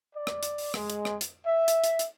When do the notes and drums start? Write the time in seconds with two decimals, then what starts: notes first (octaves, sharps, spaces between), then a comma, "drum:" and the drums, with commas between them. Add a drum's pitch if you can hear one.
0.14 D5
0.27 drum: rim click
0.43 drum: hi-hat
0.58 drum: open hi-hat
0.74 G#3, drum: rim click
0.90 drum: hi-hat
1.05 drum: rim click
1.21 drum: hi-hat
1.44 E5
1.68 drum: hi-hat
1.84 drum: hi-hat
1.99 drum: hi-hat